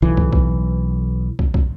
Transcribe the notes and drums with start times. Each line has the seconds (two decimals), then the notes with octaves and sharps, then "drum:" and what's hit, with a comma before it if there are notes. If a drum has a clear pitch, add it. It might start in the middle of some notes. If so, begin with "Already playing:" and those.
0.02 B1 E3
0.17 drum: kick
0.33 drum: kick
1.39 drum: kick
1.54 drum: kick